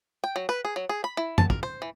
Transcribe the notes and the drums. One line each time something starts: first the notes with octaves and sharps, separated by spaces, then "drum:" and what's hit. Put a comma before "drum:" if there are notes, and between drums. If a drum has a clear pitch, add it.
G5
F#3
B4
G#4
F#3
G#4
B5
E4
A5, drum: tom
A#4, drum: kick
C5
E3